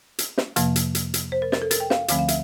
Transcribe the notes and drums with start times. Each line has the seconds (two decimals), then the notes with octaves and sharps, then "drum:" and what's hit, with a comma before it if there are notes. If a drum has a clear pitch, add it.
0.19 drum: hi-hat
0.38 drum: snare
0.56 F2 C3 F3 A#3, drum: hi-hat
0.76 drum: hi-hat
0.95 drum: hi-hat
1.14 drum: hi-hat
1.32 C5
1.42 A#4
1.52 A#4, drum: snare
1.62 A4
1.71 A#4, drum: hi-hat
1.80 G5
1.90 F5, drum: snare
2.08 D2 D3 F3 A3 C4 F5, drum: hi-hat
2.19 F5
2.28 E5, drum: hi-hat